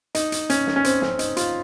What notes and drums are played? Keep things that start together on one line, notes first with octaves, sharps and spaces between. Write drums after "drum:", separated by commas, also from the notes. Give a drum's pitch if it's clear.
D#4, drum: hi-hat
drum: hi-hat
C#4, drum: hi-hat
drum: snare
C#4
C4, drum: hi-hat
C#4, drum: snare
D#4, drum: hi-hat
F4, drum: hi-hat